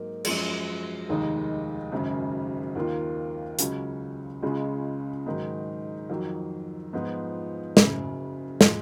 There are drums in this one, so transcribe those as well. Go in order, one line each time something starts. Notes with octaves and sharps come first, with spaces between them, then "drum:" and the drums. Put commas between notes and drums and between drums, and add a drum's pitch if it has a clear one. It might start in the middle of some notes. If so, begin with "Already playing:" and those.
Already playing: G#2 F#3 A#3
F#2 F3 G#3, drum: cymbal
F1 D#2 D#3 G#3 D#4
G#1 F#2 C#3
D#2 D#3 A#3 F4
C#2 C#3 F#3 C#4, drum: hi-hat
C#2 C#3 G#3 C#4 F4
G#2 D#3 F#3
F2 D#3 F#3
G#2 F3 B3 F4
F#1 F#2 C#3, drum: snare
F3 G#3, drum: snare